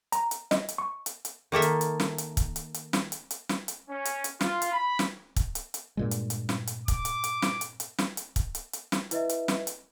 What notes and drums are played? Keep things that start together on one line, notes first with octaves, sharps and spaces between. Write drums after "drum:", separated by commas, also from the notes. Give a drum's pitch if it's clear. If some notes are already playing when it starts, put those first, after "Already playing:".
A#5, drum: hi-hat
drum: hi-hat
D#5, drum: snare
drum: hi-hat
C#6
drum: hi-hat
drum: hi-hat
D#3 A#3 A4 E5
drum: hi-hat
drum: hi-hat
drum: snare
drum: hi-hat
drum: kick, hi-hat
drum: hi-hat
drum: hi-hat
drum: snare
drum: hi-hat
drum: hi-hat
drum: snare
drum: hi-hat
C#4
drum: hi-hat
drum: hi-hat
F4, drum: snare
drum: hi-hat
B5
drum: snare
drum: kick, hi-hat
drum: hi-hat
drum: hi-hat
G2 A#2 G#3
drum: hi-hat
drum: hi-hat
drum: snare
drum: hi-hat
D6, drum: kick, hi-hat
drum: hi-hat
drum: hi-hat
drum: snare
drum: hi-hat
drum: hi-hat
drum: snare
drum: hi-hat
drum: kick, hi-hat
drum: hi-hat
drum: hi-hat
drum: snare
E4 B4 D#5 E5, drum: hi-hat
drum: hi-hat
drum: snare
drum: hi-hat